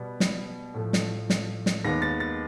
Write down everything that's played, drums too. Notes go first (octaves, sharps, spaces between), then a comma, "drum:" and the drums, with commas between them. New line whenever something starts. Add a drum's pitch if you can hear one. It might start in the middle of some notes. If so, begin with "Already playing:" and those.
Already playing: B2 G3 B3
drum: snare
A2 F3 A3
drum: snare
drum: snare
drum: snare
D#2 D#3 G#3 B3 A#6
A6
A6